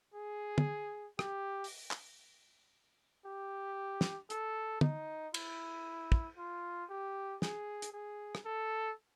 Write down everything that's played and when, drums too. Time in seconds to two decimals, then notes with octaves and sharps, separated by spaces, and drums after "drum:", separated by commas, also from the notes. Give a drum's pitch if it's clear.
0.14 G#4
0.58 drum: tom
1.19 G4, drum: rim click
1.64 drum: open hi-hat
1.91 drum: clap
3.26 G4
4.01 drum: snare
4.30 A4, drum: hi-hat
4.81 D#4, drum: tom
5.34 E4, drum: cymbal
6.12 drum: kick
6.38 F4
6.90 G4
7.42 G#4, drum: snare
7.82 drum: hi-hat
7.93 G#4
8.35 drum: rim click
8.45 A4